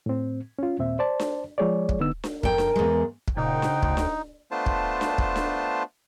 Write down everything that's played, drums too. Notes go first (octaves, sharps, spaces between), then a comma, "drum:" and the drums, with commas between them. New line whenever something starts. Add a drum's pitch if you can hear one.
A2 C4
C#4 F4
D#2 A#2 C4 E5
C5 D5 A5
drum: snare D4
F3 G#3 G#4 C#5 D5
drum: kick
D3 B3 D#4 E6
drum: snare D4
F2 A#4 G5, drum: kick
drum: snare D4
E2 G#3
drum: kick
A#2 C#3 D#4 C5 F#5 G5
drum: snare D4
D2, drum: kick
drum: snare D4
A3 B3 D4 F4 C5 A5
drum: kick
drum: snare D4
drum: kick
drum: snare D4